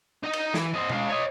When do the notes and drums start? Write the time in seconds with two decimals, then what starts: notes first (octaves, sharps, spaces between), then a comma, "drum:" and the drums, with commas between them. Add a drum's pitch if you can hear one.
0.23 D#4 D#5
0.33 drum: cymbal
0.54 E3, drum: snare
0.74 C4 D#5
0.90 G#3 F5, drum: tom B2
1.09 C#5 D#5